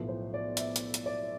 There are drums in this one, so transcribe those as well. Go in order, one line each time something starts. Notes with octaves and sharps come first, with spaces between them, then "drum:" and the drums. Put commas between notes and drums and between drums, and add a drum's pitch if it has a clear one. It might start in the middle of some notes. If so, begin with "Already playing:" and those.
Already playing: B1 A2 F3 B4
C5
D5
E5, drum: hi-hat
drum: hi-hat
drum: hi-hat
D5